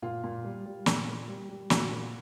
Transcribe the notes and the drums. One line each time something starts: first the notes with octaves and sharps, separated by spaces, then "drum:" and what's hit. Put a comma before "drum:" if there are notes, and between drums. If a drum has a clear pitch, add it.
A#2 F4
A#2
G3
G3
A#2, drum: snare
A#2
G3
G3
A#2 F#4, drum: snare
A#2